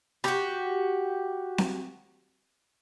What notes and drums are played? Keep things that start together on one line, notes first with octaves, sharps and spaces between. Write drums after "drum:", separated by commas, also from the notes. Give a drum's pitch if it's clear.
F#4 G4, drum: rim click
drum: snare C4